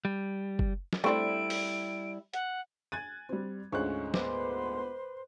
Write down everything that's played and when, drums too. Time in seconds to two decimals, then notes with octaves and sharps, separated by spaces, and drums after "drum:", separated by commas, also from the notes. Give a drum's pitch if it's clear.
0.05 G3
0.59 drum: kick F#1
0.93 drum: snare
1.04 G3 A3 C4 D4 E4 D7
1.50 drum: open hi-hat
2.34 F#5, drum: hi-hat
2.92 G#5 F#6 G#6 A6 D#7
3.29 G3 C4
3.72 D2 G#2 C#4 F4 C5 C#6 F#6
4.14 A#2 B3 B4 C5 C6 D6, drum: snare